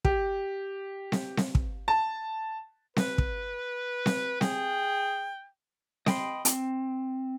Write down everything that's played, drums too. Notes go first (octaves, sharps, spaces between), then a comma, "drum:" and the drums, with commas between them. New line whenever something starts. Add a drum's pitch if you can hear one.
G4, drum: kick
drum: snare C4
drum: snare C4
drum: kick
A5
B4, drum: snare C4
drum: kick
drum: snare C4
G#4 G5, drum: snare C4
D#5 G5 B5 C6, drum: snare C4
C4, drum: hi-hat